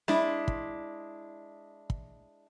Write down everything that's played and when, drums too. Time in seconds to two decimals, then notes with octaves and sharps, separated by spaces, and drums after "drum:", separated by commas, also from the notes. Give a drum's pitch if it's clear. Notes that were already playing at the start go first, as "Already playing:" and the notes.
0.08 G#3 D4 E4, drum: snare
0.48 drum: kick
1.90 drum: kick